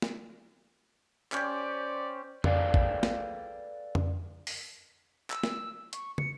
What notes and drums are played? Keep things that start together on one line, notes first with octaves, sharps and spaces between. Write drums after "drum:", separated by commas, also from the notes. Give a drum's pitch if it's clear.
drum: snare
C#4 G4 C5 D5, drum: clap
G#4 A4 B4 D5 F5 G5, drum: tom F2
drum: kick
drum: snare
drum: tom F2
drum: open hi-hat
E6, drum: clap
drum: snare
C#6, drum: hi-hat
C#7, drum: tom